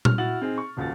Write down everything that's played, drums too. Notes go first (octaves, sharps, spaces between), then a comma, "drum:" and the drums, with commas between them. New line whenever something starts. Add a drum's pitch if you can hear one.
F6, drum: tom A#2
E4 F#4 A6 F#7
C4 D#4 G#4
C#6
D#1 C#2 F#4 A6